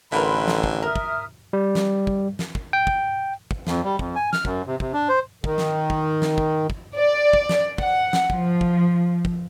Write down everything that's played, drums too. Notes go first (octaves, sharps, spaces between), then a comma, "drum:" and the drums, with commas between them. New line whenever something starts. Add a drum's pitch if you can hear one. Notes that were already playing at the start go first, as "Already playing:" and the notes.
A1 D3 E4 F#4 A#4 B4 B5 C6
drum: snare
drum: kick
A#4 E5 D#6 F6
drum: kick
G3
drum: snare
drum: kick
drum: snare
drum: kick
G5
drum: kick
drum: kick
F2, drum: snare
G3
F2, drum: kick
G#5
F6, drum: snare
F#2, drum: kick
C3
C3, drum: kick
D4
C5
D#3, drum: kick
drum: snare
drum: kick
drum: snare
drum: kick
drum: kick
D5
drum: kick
drum: snare
F#5, drum: kick
drum: snare
F3, drum: kick
drum: kick
drum: kick